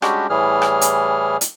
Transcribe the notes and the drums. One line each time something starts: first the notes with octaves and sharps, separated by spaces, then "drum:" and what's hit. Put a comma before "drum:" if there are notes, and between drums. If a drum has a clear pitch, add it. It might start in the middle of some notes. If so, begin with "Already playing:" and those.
G3 G#3 C#4 D4 F#4 G4, drum: rim click
A2 E3 G3 G#4 F6
drum: rim click
drum: hi-hat
drum: hi-hat